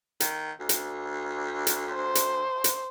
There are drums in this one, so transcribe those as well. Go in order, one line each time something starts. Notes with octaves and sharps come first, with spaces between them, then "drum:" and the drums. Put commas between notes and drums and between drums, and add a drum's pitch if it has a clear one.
D#3, drum: hi-hat
D2
drum: hi-hat
drum: hi-hat
C5
drum: hi-hat
drum: hi-hat